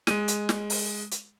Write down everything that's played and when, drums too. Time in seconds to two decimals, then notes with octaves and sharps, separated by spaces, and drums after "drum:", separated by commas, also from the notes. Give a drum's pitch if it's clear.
0.07 G#3 D#7, drum: snare
0.28 drum: hi-hat
0.49 drum: snare
0.70 drum: open hi-hat
1.12 drum: hi-hat